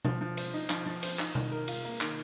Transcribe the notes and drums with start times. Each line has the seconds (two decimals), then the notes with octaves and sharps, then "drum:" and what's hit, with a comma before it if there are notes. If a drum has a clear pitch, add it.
0.05 F3, drum: tom B2
0.21 F3
0.37 C5, drum: cymbal
0.53 D#4
0.70 F3, drum: clap
0.86 F3
1.03 C5, drum: cymbal
1.19 D#4, drum: clap
1.35 D#3, drum: tom B2
1.52 A#4
1.68 F4, drum: cymbal
1.85 A#3
2.01 D#3, drum: clap